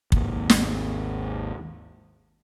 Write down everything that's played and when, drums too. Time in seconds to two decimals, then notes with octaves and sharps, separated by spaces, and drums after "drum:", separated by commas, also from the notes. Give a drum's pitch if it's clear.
0.12 G#1 D#2, drum: kick
0.50 drum: snare